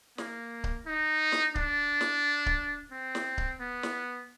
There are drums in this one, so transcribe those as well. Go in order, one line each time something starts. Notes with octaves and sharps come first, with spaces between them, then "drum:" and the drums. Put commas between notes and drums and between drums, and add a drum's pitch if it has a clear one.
A#3, drum: snare
drum: kick C#1
D#4
drum: snare
D4, drum: kick C#1
drum: snare
drum: kick C#1
C4
drum: snare
drum: kick C#1
B3
drum: snare